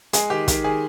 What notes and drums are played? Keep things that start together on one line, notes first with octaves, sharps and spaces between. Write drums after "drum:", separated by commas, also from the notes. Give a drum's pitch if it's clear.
G#3 G#4, drum: hi-hat
D#3 G4
D#3 G4, drum: kick, hi-hat
D#3 G#4